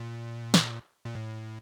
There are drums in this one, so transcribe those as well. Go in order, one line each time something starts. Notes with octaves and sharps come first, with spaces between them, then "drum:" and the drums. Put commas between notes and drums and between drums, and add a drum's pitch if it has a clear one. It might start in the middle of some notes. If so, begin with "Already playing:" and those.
Already playing: A#2
drum: snare
A#2
A2